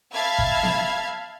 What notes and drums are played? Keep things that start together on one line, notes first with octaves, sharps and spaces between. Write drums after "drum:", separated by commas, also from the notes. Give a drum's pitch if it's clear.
E5 F5 A5 B5 G#6
drum: kick
drum: snare B3